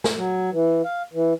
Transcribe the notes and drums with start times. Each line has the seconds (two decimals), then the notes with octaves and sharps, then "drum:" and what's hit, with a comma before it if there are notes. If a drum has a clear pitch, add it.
0.04 drum: snare
0.16 F#3
0.52 E3
0.85 F5
1.13 E3